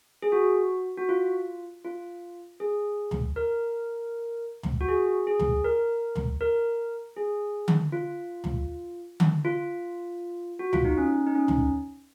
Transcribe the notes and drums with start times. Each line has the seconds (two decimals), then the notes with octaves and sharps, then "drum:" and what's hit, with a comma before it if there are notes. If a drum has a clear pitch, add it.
0.22 G#4
0.32 F#4
0.97 F#4
1.09 F4
1.85 F4
2.60 G#4
3.11 drum: tom
3.36 A#4
4.63 drum: tom
4.81 F#4
4.88 G#4
5.27 G#4
5.39 drum: tom
5.64 A#4
6.16 drum: tom
6.41 A#4
7.17 G#4
7.68 drum: tom D3
7.92 F4
8.44 drum: tom
9.20 drum: tom D3
9.45 F4
10.59 F#4
10.73 F4, drum: tom
10.85 D#4
10.98 C#4
11.27 D#4
11.35 C#4
11.48 drum: tom